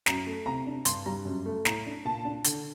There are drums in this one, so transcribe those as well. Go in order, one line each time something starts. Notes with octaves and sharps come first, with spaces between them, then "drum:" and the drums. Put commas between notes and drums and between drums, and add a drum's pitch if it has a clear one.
F#2 A#5, drum: snare
A3
C3 A#5
D4
G2 C6, drum: hi-hat
G3 A#5
F#2
A3
A2 A#5, drum: snare
D4
A#2 A5
D4
D3, drum: hi-hat